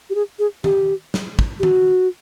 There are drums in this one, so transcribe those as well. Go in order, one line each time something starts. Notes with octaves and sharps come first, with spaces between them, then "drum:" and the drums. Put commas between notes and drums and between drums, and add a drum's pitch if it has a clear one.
G4
G#4
G#4
G4, drum: tom D#3
drum: snare
drum: kick
G4
F#4, drum: tom D#3